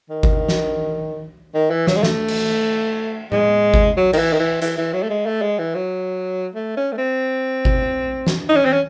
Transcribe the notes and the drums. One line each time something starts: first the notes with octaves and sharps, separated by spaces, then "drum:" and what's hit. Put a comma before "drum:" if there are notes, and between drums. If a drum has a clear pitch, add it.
D#3
drum: kick G1
drum: snare
D#3
E3
F#3, drum: snare
G#3
A3, drum: snare
drum: cymbal
G#3, drum: tom A2
drum: kick G1
F#3
D#3, drum: cymbal
E3
D#3
E3
E3, drum: hi-hat
E3
F#3
A3
G#3
A3
G#3
E3
F#3
A3
C#4
A3
C4
drum: kick G1
drum: snare
D#4
C#4
C4
C#4